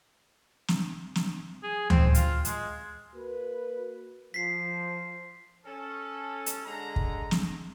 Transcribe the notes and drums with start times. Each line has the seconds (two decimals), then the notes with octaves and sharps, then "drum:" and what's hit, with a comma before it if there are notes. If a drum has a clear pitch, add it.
0.68 drum: snare
1.15 drum: snare
1.63 G#4
1.90 C4, drum: tom D2
2.15 F4, drum: hi-hat
2.45 G#3, drum: hi-hat
3.16 A#3 F#4 B4
4.34 F3 B6 C7
5.65 C#4 A4
6.46 drum: hi-hat
6.66 D3 G#3 A#5
6.96 drum: kick
7.31 drum: snare